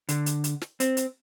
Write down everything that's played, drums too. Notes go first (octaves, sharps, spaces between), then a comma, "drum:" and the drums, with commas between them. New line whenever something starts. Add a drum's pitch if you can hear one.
D3, drum: hi-hat
drum: hi-hat
drum: hi-hat
drum: snare
C4, drum: hi-hat
drum: hi-hat